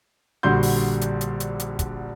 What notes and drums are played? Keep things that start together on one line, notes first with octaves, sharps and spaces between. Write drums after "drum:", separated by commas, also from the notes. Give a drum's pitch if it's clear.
A#1 D3 G3 F#4 C6 G6
drum: open hi-hat
drum: hi-hat
drum: hi-hat
drum: hi-hat
drum: hi-hat
drum: kick, hi-hat